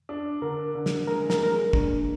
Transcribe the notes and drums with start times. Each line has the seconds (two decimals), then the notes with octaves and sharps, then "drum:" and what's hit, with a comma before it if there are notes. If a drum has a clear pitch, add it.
0.09 D4
0.42 D3 A#4
0.75 D3
0.86 drum: snare
1.08 G#3 A#4
1.30 A#4, drum: snare
1.42 G#3 A#4
1.52 G#4
1.73 A#3 D4, drum: kick